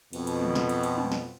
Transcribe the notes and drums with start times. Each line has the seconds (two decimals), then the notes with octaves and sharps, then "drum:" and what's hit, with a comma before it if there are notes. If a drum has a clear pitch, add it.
0.13 F2 B2, drum: cymbal
0.27 drum: cymbal
0.41 drum: tom
0.55 drum: snare
0.69 drum: cymbal
0.83 drum: cymbal
0.98 drum: tom
1.12 drum: snare